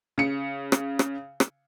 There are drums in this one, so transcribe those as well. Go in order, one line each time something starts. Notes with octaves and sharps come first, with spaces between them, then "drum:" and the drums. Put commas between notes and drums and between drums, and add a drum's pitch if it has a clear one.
C#3 C#7
drum: rim click
drum: rim click
drum: rim click